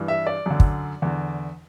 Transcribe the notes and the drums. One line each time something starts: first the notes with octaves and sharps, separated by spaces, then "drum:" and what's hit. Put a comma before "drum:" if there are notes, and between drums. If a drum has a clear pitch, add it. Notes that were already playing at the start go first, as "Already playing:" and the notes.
Already playing: G2 E3
E5
D5
F#2 D3
drum: kick
E2 D3